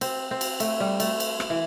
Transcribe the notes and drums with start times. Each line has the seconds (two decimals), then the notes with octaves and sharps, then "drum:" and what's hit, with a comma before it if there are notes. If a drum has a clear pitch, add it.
0.01 C4, drum: cymbal
0.31 C4
0.41 drum: cymbal
0.60 A3, drum: cymbal
0.80 G3
1.00 A3, drum: cymbal
1.20 drum: cymbal
1.40 drum: rim click
1.50 E3